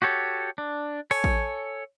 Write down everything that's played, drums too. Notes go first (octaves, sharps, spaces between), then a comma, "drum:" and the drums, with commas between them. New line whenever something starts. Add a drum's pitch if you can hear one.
F#4 G4 A4 C#5
D4
A4 C#5 G#5, drum: open hi-hat
drum: kick A1